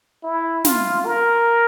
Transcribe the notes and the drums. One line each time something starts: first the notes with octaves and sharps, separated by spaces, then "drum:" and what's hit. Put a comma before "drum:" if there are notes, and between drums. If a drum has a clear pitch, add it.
E4
F4, drum: snare
A#4